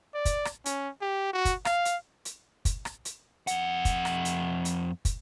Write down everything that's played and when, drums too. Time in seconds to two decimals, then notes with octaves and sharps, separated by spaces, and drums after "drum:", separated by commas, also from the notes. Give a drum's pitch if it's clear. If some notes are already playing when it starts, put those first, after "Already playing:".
0.14 D5
0.25 drum: kick, hi-hat
0.45 drum: rim click
0.66 C#4, drum: hi-hat
1.01 G4
1.33 F#4
1.45 drum: kick, hi-hat
1.65 F5, drum: rim click
1.85 drum: hi-hat
2.25 drum: hi-hat
2.65 drum: kick, hi-hat
2.85 drum: rim click
3.05 drum: hi-hat
3.47 F2 F#5, drum: hi-hat
3.85 drum: kick, hi-hat
4.05 drum: rim click
4.25 drum: hi-hat
4.65 drum: hi-hat
5.05 drum: kick, hi-hat